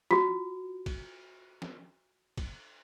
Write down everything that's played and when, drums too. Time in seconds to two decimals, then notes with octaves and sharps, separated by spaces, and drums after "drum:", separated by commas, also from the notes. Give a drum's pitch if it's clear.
0.11 F4 F#4, drum: snare
0.86 drum: kick, cymbal
1.62 drum: snare
2.37 drum: kick, cymbal